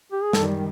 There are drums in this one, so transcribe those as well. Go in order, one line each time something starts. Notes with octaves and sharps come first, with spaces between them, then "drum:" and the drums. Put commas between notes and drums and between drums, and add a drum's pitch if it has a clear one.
G4
G#4
F#2 D#3 G3 A4, drum: snare